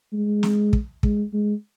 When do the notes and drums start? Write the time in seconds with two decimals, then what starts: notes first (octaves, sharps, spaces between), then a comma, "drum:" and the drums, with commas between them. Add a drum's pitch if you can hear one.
0.13 G#3
0.43 drum: snare
0.73 drum: kick
1.03 G#3, drum: kick
1.33 G#3